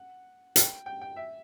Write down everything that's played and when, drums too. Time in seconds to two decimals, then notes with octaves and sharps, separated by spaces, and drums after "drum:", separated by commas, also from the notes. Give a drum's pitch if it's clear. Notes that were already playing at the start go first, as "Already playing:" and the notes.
Already playing: F#5
0.56 G5, drum: hi-hat
0.86 G5
1.01 G5
1.16 E5